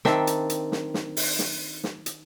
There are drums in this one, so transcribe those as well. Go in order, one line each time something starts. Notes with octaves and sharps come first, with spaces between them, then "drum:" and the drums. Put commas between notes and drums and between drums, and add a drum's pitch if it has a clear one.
D#3 C4 D4 E5, drum: snare
drum: hi-hat
drum: hi-hat
drum: snare
drum: snare
drum: open hi-hat
drum: snare
drum: snare
drum: hi-hat